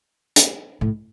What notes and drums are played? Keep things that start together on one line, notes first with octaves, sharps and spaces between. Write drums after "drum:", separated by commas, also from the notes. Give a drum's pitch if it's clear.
drum: hi-hat
A2